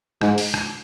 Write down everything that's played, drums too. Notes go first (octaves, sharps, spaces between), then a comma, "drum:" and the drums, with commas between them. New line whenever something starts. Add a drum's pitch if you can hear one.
G#2, drum: rim click
drum: open hi-hat
drum: rim click